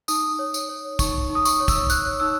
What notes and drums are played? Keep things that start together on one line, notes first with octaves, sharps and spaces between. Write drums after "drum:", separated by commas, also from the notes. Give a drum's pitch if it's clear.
D#4 D#6, drum: tambourine
C#5
drum: tambourine
C#5
D#4 C#6, drum: kick, tambourine
D#4
D#6
C#6, drum: tambourine
C#5
E6, drum: kick, tambourine
C#5 F#6, drum: tambourine
D#4 E6